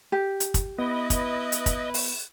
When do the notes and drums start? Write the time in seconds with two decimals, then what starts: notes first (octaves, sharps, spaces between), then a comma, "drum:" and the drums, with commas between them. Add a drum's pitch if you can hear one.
0.12 G4
0.40 drum: hi-hat
0.54 drum: kick, hi-hat
0.78 B3 E4 B4 D#5
1.10 drum: kick, hi-hat
1.52 drum: hi-hat
1.66 drum: kick, hi-hat
1.94 drum: open hi-hat